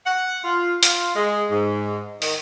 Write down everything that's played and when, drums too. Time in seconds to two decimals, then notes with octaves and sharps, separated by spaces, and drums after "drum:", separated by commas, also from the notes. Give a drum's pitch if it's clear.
0.07 F#5
0.44 F4
0.83 F4, drum: hi-hat
1.16 G#3
1.50 G#2
2.22 D#3, drum: open hi-hat